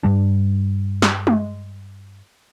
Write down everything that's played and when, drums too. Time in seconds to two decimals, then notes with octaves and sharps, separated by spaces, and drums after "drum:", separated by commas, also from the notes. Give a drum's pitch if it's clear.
0.03 G2 G3 D4
1.02 drum: snare
1.27 drum: tom G#3